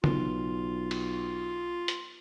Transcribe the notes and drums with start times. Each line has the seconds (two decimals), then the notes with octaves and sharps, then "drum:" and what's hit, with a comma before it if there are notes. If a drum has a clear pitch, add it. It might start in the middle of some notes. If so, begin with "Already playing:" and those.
0.04 B1 F4, drum: tom
0.91 drum: cymbal
1.88 drum: hi-hat